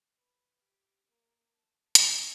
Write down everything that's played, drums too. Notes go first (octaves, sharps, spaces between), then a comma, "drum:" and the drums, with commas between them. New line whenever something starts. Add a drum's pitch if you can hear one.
B4
G4
A#3
A5
F#4, drum: hi-hat